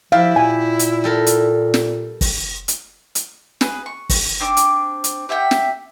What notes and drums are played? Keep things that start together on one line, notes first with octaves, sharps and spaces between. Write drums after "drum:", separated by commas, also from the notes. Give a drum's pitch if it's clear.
F3 E4 G4 D5 E5 F5
A#2 G#5
drum: hi-hat
G3 A4 A#4
drum: hi-hat
drum: snare
drum: kick, open hi-hat
drum: hi-hat
drum: hi-hat
G#4 B4, drum: snare
C#6
drum: kick, open hi-hat
C4 D4 D6
drum: hi-hat
drum: hi-hat
G4 E5 F#5 G5
drum: snare